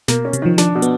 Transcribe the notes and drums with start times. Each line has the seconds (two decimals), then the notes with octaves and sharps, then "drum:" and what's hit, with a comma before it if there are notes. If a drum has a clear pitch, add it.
0.08 B2 A#3, drum: snare
0.25 C#4
0.33 C3, drum: hi-hat
0.42 D#3 F3
0.58 F3 D4, drum: snare
0.75 B2
0.82 B3, drum: hi-hat